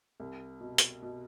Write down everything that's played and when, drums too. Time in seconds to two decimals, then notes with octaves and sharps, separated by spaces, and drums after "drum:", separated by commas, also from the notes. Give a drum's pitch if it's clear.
0.20 C2
0.61 B2
0.78 drum: hi-hat
1.02 B2